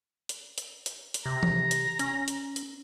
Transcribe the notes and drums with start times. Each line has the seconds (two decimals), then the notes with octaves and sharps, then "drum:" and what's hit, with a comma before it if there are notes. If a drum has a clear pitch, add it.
0.29 drum: hi-hat
0.58 drum: hi-hat
0.86 drum: hi-hat
1.14 drum: hi-hat
1.26 C3 A#5
1.43 drum: tom E3
1.71 drum: hi-hat
1.99 C#4, drum: hi-hat
2.28 drum: hi-hat
2.56 drum: hi-hat